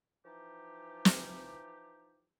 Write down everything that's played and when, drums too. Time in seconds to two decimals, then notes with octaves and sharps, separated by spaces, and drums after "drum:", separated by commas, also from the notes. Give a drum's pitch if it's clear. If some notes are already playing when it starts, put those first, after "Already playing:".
0.25 E3 F3 D#4 G4
1.05 drum: snare